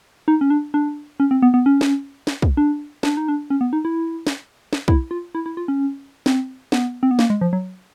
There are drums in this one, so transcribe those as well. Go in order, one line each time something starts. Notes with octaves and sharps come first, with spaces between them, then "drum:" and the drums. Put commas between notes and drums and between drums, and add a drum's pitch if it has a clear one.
D#4
C#4
D4
D4
C#4
C4
B3
B3
C#4
drum: snare
drum: snare
drum: kick
D4
D4, drum: snare
D#4
D4
C#4
B3
D#4
E4
drum: snare
drum: snare
E4, drum: kick
F4
E4
E4
F4
C#4
C4, drum: snare
B3, drum: snare
C4
B3
A#3, drum: snare
G#3
F3
F#3